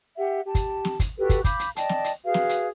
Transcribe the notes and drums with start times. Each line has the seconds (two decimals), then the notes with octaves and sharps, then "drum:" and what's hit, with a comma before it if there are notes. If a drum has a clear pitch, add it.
0.17 G4 E5 F#5
0.45 G4 A5
0.55 drum: kick, hi-hat
0.85 drum: snare
1.00 drum: kick, hi-hat
1.18 F#4 G4 A4 B4
1.29 drum: kick, hi-hat
1.44 F5 B5 D6 G6, drum: kick, hi-hat
1.59 drum: hi-hat
1.76 D5 D#5 G5 A5, drum: hi-hat
1.89 drum: snare
2.04 drum: hi-hat
2.25 F#4 G#4 B4 F5
2.34 drum: snare
2.49 drum: hi-hat